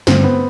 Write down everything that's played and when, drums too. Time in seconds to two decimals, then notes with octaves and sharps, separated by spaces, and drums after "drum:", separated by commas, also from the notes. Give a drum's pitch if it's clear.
0.07 G2 D3 G3 C4, drum: snare
0.24 B3